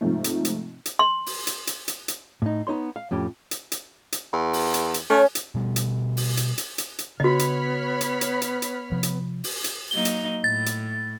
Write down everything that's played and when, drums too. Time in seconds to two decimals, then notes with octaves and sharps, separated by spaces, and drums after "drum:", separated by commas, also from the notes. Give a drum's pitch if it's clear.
0.01 G#2 C3 F3 A3
0.24 drum: hi-hat
0.45 drum: hi-hat
0.86 drum: hi-hat
0.99 C6
1.26 drum: open hi-hat
1.47 drum: hi-hat
1.67 drum: hi-hat
1.88 drum: hi-hat
2.08 drum: hi-hat
2.42 A2 D#4
2.67 B3 D#4 C#5 C6
2.96 F5
3.11 F2 A2 C#4 G4
3.51 drum: hi-hat
3.72 drum: hi-hat
4.12 drum: hi-hat
4.33 E2
4.53 drum: open hi-hat
4.74 drum: hi-hat
4.94 drum: hi-hat
5.10 A3 C#4
5.35 drum: hi-hat
5.55 B2 G3
5.76 drum: hi-hat
6.17 drum: open hi-hat
6.37 drum: hi-hat
6.58 drum: hi-hat
6.78 drum: hi-hat
6.99 drum: hi-hat
7.20 C#3 B3 D4 F#4 C#5 D#5 B5 F6
7.39 drum: hi-hat
8.01 drum: hi-hat
8.21 drum: hi-hat
8.42 drum: hi-hat
8.62 drum: hi-hat
8.92 C3 F3
9.03 drum: hi-hat
9.44 drum: open hi-hat
9.64 drum: hi-hat
9.91 F#3 A#3 D#4 G7
10.05 drum: hi-hat
10.44 A2 A6
10.66 drum: hi-hat